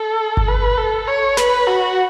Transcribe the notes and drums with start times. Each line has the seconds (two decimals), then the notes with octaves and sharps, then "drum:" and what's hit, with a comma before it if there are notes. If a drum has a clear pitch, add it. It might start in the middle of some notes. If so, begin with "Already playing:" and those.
Already playing: A4
0.37 drum: kick G1
0.48 B4
0.77 A4
1.07 C#5
1.37 B4, drum: snare
1.67 F#4